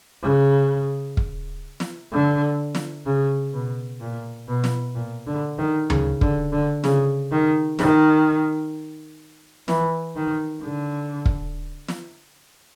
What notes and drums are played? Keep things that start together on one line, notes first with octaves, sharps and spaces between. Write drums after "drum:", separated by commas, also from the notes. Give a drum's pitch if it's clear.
C#3
drum: kick
drum: snare
D3
drum: snare
C#3
B2
A#2
B2
drum: snare
A#2
D3
D#3
C#3, drum: tom D2
D3, drum: kick
D3
C#3, drum: snare
D#3
D#3, drum: snare
E3, drum: snare
D#3
D3
drum: kick
drum: snare